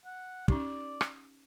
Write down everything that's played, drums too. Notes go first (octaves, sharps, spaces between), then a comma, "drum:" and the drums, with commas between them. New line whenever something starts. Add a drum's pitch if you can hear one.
F#5
C#4 D#4 G4 D5, drum: kick
drum: rim click